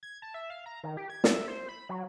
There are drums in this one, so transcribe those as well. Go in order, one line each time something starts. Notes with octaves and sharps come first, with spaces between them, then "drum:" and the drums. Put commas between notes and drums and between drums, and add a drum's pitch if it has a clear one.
G#6
A5
E5
F5
A#5
D#3
G4
G#6
E5, drum: snare
C5
B5
F#3